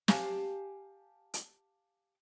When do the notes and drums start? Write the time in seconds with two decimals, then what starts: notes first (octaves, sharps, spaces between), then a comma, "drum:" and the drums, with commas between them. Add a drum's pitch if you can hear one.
0.08 G4 F5 G#5 A5, drum: snare
1.34 drum: hi-hat